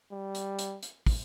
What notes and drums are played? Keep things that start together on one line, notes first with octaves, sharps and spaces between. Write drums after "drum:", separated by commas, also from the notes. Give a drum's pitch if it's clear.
G3
drum: hi-hat
drum: hi-hat
drum: hi-hat
drum: kick, open hi-hat